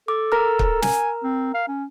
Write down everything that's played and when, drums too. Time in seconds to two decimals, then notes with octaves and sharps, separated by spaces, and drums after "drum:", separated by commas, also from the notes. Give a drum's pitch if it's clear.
0.08 A4 D6
0.32 A#4 A#5 F6
0.59 drum: kick
0.82 G#5, drum: snare
1.24 C4
1.55 F5
1.68 C#4